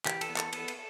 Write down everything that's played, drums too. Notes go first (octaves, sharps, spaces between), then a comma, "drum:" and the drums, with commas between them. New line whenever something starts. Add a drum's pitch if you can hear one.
E3 G4, drum: clap
A4, drum: cymbal
B3
A4, drum: clap
B3 A4, drum: cymbal
drum: cymbal